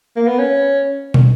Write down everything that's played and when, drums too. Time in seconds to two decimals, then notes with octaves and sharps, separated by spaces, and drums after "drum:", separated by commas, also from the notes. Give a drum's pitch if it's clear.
0.16 A#3
0.28 B3
0.39 C#4
1.14 drum: tom